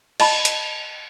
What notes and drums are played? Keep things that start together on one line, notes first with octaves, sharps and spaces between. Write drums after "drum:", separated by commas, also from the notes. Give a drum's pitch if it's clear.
D#5 A5 B5, drum: cymbal
drum: hi-hat